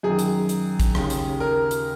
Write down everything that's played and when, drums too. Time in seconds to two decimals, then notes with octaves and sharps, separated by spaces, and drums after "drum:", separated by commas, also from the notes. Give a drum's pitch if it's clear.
0.03 F#2 D#3 G#4
0.19 drum: hi-hat
0.49 drum: hi-hat
0.80 drum: kick A1, hi-hat
0.95 D#2 C#3, drum: rim click
1.10 drum: hi-hat
1.40 A#4
1.71 drum: hi-hat